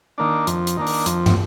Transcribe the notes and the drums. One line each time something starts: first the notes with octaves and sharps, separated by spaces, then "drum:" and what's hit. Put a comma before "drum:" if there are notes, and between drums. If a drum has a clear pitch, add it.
D#3 A#3 D4
F2, drum: hi-hat
drum: hi-hat
D#3 A#3 D4
drum: open hi-hat
F2, drum: hi-hat
drum: tom